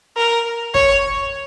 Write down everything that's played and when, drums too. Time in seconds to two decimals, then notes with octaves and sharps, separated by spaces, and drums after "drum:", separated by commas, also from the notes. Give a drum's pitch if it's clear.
0.17 A#4
0.74 C#5, drum: kick